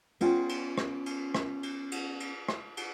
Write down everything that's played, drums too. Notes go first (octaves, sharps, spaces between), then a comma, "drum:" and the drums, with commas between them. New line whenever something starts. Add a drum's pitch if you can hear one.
B3 C#4 F4 C#5 G5 G#5, drum: cymbal
drum: cymbal
drum: rim click
drum: cymbal
drum: rim click
drum: cymbal
drum: cymbal
drum: cymbal
drum: rim click
drum: cymbal